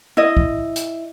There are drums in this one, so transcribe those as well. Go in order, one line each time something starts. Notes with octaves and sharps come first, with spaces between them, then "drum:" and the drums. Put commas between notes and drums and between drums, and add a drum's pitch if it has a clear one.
E4 D#5
drum: kick
drum: hi-hat